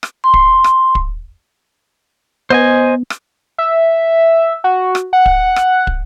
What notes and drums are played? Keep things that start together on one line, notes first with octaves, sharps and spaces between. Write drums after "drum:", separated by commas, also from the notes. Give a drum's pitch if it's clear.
drum: rim click
C6
drum: kick
drum: rim click
drum: kick
B3 C5 D#5 G#5
drum: rim click
E5
F#4
drum: rim click
F#5
drum: kick
drum: rim click
drum: kick